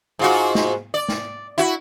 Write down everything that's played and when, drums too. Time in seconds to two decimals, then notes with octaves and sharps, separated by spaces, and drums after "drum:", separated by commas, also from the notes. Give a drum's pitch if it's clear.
0.19 G#2 F4 F#4
0.55 drum: snare
0.94 D5
1.09 drum: snare
1.58 E4 F#4